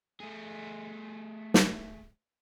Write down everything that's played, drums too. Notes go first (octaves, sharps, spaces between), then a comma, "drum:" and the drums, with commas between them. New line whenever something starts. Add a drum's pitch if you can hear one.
A3 G#4
drum: snare